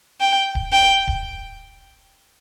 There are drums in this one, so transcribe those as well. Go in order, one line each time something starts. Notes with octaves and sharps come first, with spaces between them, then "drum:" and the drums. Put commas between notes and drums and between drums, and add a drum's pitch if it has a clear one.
G5
drum: kick D1
G5
drum: kick D1